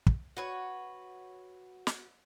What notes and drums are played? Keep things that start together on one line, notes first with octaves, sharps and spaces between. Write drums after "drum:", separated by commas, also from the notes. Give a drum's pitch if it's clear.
drum: kick
F#4 B4 C#5
drum: snare